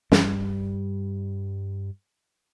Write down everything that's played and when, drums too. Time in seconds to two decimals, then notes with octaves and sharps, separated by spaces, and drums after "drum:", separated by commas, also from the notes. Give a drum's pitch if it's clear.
0.12 G2 G3, drum: snare